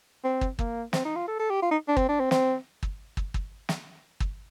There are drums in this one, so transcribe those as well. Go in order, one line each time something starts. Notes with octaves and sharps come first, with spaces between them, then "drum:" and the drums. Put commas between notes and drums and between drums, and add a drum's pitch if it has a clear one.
C4
drum: kick
A#3, drum: kick
C4, drum: snare
D#4
F4
A4
A4
G4
F4
D#4
D4
C4, drum: kick
D4
C4
C4, drum: snare
drum: kick
drum: kick
drum: kick
drum: snare
drum: kick